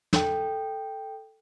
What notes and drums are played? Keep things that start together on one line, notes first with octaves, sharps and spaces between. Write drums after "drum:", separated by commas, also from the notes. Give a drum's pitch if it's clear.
A4 G5, drum: snare